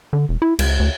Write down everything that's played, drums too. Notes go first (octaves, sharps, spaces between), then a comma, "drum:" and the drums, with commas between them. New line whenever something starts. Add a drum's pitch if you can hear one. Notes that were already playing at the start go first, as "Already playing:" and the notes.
D3
E1
E4
C#2, drum: cymbal
D2